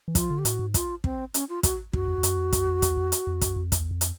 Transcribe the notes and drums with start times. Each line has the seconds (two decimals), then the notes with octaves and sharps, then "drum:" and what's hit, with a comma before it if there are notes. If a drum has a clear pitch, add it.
0.08 E3
0.15 F3 F4, drum: kick, hi-hat
0.31 D3
0.38 G4
0.45 A2 F#4, drum: hi-hat
0.59 G#2
0.74 F4, drum: kick, hi-hat
1.04 C4, drum: kick
1.34 C#4, drum: hi-hat
1.49 F4
1.63 F#4, drum: kick, hi-hat
1.93 F#2 F#4, drum: kick
2.08 F2
2.18 F2
2.23 F#2, drum: hi-hat
2.37 F2
2.53 F#2, drum: kick, hi-hat
2.67 F2
2.82 E2, drum: kick, hi-hat
2.97 F2
3.12 drum: hi-hat
3.27 F2
3.41 F#2, drum: kick, hi-hat
3.56 F2
3.72 E2, drum: kick, hi-hat
3.91 F2
4.01 drum: hi-hat